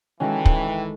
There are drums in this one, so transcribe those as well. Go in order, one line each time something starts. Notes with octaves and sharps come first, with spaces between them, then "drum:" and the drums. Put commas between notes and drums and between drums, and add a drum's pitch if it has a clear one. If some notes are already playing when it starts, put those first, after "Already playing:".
D#3 E3 G#3 C#4 F#4 A4 G5
drum: kick